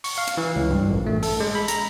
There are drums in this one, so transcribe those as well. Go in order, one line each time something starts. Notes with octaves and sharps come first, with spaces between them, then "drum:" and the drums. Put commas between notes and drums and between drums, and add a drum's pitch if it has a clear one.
C#6, drum: open hi-hat
F5
drum: hi-hat
E3
C#2
G2
A1
A3
A4, drum: open hi-hat
G#3
B5
A#5, drum: hi-hat